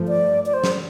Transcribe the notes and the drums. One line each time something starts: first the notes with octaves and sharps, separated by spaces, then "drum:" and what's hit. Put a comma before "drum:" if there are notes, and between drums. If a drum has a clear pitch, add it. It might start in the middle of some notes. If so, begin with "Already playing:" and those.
Already playing: G2 F3 A3
D5
D5
C5
drum: snare